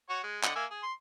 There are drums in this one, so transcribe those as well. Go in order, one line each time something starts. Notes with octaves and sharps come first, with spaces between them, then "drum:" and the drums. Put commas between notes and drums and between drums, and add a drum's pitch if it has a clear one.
F#4 C#5
G#3
D3 D#5 F#5, drum: clap
A#3 E5 G#5
G#4
C6